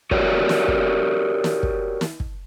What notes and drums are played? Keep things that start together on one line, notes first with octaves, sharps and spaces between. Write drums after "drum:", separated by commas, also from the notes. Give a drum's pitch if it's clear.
F#4 G4 A#4 C#5 D5, drum: kick
drum: snare
drum: kick
drum: snare
drum: kick
drum: snare
drum: kick